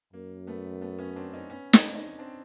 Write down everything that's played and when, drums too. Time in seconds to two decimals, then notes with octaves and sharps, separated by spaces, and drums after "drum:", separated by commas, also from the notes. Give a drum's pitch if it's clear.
0.13 F#2 A#3
0.47 A3 B3
0.81 A3 B3
0.99 B3 C#4
1.16 C4 D4
1.34 C#4 D#4
1.50 B3 C#4
1.73 C4 D4, drum: snare
1.95 C#4 D#4
2.19 C4 D4